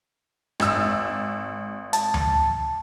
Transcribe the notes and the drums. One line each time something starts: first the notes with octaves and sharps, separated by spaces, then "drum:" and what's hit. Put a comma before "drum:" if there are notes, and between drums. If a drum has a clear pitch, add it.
G#1 E6, drum: rim click
A5, drum: hi-hat
drum: tom D2